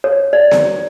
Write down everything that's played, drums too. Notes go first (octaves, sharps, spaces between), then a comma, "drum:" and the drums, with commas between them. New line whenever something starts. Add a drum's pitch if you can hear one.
C#5
D5
drum: snare B3